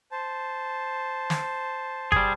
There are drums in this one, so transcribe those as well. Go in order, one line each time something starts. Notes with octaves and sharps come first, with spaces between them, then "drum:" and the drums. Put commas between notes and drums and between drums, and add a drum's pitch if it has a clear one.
C5 A5
drum: snare
G3 G#4, drum: kick G1